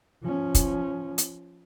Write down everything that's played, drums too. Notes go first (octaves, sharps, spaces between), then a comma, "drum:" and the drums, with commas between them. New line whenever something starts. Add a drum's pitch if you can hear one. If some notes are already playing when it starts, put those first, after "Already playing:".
F3 C#4
drum: kick, hi-hat
drum: hi-hat